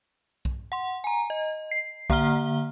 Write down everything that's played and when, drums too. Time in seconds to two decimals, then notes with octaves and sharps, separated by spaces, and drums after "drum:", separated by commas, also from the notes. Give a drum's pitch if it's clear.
0.45 drum: kick B1
0.72 F#5 C6
1.04 G#5 A#5
1.30 D#5
1.71 C7
2.10 D3 A#3 F#5 A#5 F6 G7, drum: kick B1